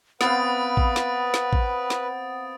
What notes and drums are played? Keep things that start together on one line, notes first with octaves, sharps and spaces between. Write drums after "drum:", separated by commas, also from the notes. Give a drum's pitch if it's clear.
B3 C4 B4 F5 F#5 D#6 A6 D7, drum: snare
drum: kick
drum: snare
drum: snare
drum: kick
drum: snare